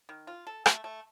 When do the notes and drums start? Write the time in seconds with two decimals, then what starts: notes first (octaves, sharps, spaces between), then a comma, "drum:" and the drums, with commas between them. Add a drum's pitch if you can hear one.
0.09 D#3
0.27 F4
0.47 A4
0.66 A3, drum: rim click
0.84 A3